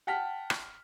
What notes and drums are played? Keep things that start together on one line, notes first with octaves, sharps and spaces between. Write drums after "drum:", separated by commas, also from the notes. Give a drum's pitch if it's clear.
F#5 G5 A5 F6 B6
drum: rim click